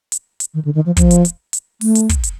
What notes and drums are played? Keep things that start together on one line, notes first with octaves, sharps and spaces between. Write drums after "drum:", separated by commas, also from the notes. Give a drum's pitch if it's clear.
drum: hi-hat
drum: hi-hat
D#3
D3
D#3
F3
F3, drum: kick, hi-hat
drum: hi-hat
drum: hi-hat
drum: hi-hat
A3, drum: open hi-hat
drum: hi-hat
drum: kick, hi-hat
drum: hi-hat